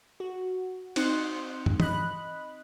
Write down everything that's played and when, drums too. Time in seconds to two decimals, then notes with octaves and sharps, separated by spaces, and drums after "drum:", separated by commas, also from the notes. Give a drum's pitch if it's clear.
0.20 F#4
0.96 C4 D#4 C6 F#6 C#7, drum: cymbal
1.66 drum: tom
1.80 D#5 B5 F#6, drum: tom E3